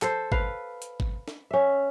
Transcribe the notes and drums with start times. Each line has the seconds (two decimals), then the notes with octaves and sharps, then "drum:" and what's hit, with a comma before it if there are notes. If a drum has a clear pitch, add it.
0.02 A4 C5, drum: clap
0.32 B4 F5, drum: kick G#1
0.82 drum: hi-hat
1.00 drum: kick G#1
1.28 drum: snare
1.51 C#4 E5